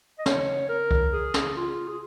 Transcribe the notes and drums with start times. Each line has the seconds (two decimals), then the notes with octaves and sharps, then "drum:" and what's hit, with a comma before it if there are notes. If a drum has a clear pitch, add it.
0.19 D#5
0.26 C#5, drum: snare
0.69 A#4
0.91 drum: kick C2
1.13 G#4
1.34 drum: snare
1.56 F4
1.88 G#4